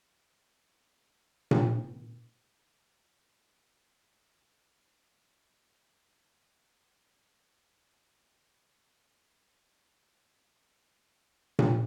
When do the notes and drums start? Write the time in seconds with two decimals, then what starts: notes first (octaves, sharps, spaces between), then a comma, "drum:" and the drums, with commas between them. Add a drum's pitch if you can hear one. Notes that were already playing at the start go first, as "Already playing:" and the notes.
0.18 F#4
0.56 D5
1.51 drum: tom A#2
2.19 C#4
2.53 D#3
2.98 C3
3.41 F#3 D4
6.25 B2 A4 G#5 D6
7.81 A#5 G7
9.38 B4 E5 G5
11.59 drum: tom A#2